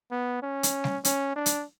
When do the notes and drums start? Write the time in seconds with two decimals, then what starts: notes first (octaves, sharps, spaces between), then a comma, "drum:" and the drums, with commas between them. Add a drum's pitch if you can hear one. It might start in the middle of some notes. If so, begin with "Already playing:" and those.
0.11 B3
0.42 C#4
0.63 drum: hi-hat
0.84 drum: snare
1.05 C#4, drum: hi-hat
1.36 D4
1.46 drum: hi-hat